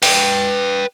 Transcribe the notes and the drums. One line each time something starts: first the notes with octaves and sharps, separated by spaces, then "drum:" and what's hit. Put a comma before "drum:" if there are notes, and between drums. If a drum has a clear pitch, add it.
B4 G5, drum: open hi-hat